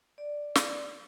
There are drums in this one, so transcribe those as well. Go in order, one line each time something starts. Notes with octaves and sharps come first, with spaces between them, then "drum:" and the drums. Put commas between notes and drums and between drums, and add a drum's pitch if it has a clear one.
D5
drum: snare